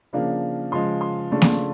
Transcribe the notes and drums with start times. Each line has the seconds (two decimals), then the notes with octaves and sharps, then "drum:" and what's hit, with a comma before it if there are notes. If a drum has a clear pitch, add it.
0.13 C#3 F3 A#3 D4
0.72 C#3 F3 G#3 C6
1.01 C6
1.31 C#3 F3 A3 D4
1.42 drum: snare A#3